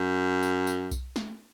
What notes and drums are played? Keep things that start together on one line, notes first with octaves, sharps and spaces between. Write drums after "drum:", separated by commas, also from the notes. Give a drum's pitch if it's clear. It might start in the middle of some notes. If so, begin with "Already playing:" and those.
Already playing: F#2
drum: tambourine
drum: tambourine
drum: kick B1, tambourine
drum: snare